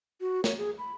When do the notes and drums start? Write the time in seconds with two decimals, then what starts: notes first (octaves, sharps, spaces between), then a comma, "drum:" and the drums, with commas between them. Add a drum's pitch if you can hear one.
0.21 F#4
0.44 C#5, drum: snare
0.58 G#4
0.78 B5